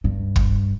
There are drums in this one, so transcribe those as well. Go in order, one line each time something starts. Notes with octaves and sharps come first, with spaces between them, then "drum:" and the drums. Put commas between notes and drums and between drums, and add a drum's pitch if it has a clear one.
G2
drum: kick